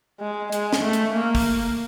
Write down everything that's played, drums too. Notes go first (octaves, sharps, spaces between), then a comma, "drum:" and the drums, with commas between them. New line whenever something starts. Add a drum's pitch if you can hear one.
G#3
G#3, drum: hi-hat
drum: snare
A3
drum: hi-hat
A#3
drum: kick, open hi-hat